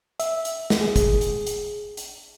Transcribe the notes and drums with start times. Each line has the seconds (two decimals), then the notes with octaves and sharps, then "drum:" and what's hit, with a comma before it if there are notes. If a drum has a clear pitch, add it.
0.20 E5, drum: hi-hat
0.45 drum: hi-hat
0.70 drum: snare
0.81 G#4
0.96 drum: kick, hi-hat
1.21 drum: hi-hat
1.47 drum: hi-hat
1.97 drum: hi-hat